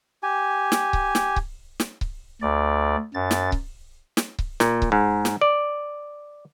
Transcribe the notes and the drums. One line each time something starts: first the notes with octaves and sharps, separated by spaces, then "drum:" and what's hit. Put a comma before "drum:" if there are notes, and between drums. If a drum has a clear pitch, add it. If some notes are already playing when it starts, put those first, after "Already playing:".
G4 G#5
drum: snare
drum: kick C#1
drum: snare
drum: kick C#1
drum: snare
drum: kick C#1
D2 D5
F#2 A6
drum: snare
drum: kick C#1
drum: snare
drum: kick C#1
A#2, drum: snare
drum: kick C#1
G#2
drum: snare
D5